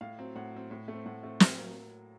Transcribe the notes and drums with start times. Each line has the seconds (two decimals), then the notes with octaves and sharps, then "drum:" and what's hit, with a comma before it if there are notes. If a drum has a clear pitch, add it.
0.01 A2 F5
0.18 F#3 C4
0.35 A2 F#5
0.53 F#3 C4
0.71 A2
0.88 A3
0.93 C4
1.06 A2 F#5
1.23 A3 C4
1.40 A2, drum: snare
1.58 F#3 A#3